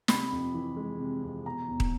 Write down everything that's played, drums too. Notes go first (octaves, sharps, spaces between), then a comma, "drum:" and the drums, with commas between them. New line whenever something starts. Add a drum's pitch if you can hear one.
C3 B5, drum: snare
F2
E3
G#3
C3
F2
B2 A#5
E2
drum: kick